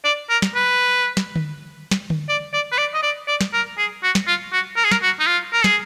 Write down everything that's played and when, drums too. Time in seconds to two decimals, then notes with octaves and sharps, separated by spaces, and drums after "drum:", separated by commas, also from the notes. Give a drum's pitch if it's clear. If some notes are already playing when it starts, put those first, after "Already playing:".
0.05 D5
0.30 A#4
0.42 drum: snare
0.55 B4
1.17 drum: snare
1.36 drum: tom D3
1.91 drum: snare
2.10 drum: tom D3
2.29 D5
2.53 D5
2.72 B4
2.78 D5
2.94 D#5
3.03 D5
3.28 D5
3.41 drum: snare
3.54 A#4
3.78 G#4
4.03 F#4
4.15 drum: snare
4.27 F4
4.52 F#4
4.77 A#4
4.84 G#4
4.91 A#4, drum: snare
5.03 F#4
5.20 D#4
5.26 F4
5.53 A#4
5.64 G#4, drum: snare